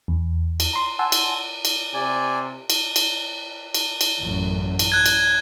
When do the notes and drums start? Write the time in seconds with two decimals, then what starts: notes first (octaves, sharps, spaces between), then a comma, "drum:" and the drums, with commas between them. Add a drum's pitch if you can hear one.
0.08 E2
0.60 drum: cymbal
0.73 A#5 C6
0.99 F#5 G#5 A5 C6 E6
1.12 drum: cymbal
1.65 drum: cymbal
1.94 C3 D5 G#5
2.70 drum: cymbal
2.96 drum: cymbal
3.74 drum: cymbal
4.01 drum: cymbal
4.20 A1 F#2
4.79 drum: cymbal
4.92 F#6 G#6
5.06 drum: cymbal